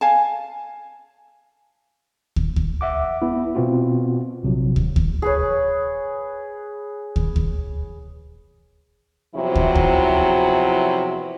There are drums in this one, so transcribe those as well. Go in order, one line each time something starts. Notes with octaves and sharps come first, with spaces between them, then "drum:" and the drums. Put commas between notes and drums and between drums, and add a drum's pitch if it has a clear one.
F5 G#5 A5
drum: kick
drum: kick
E5 F#5 D6
B3 E4
B2 B3 C4 F4 F#4
A#1 C3 F#3
drum: kick
drum: kick
G#4 B4 C#5
drum: kick
drum: kick
E2 C3 F3 F#3 E4
drum: kick
drum: kick